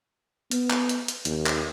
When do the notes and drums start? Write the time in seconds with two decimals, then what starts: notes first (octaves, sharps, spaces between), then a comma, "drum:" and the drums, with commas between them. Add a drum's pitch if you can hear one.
0.51 B3, drum: hi-hat
0.70 drum: clap
0.89 drum: hi-hat
1.08 drum: hi-hat
1.25 D#2, drum: hi-hat
1.46 drum: clap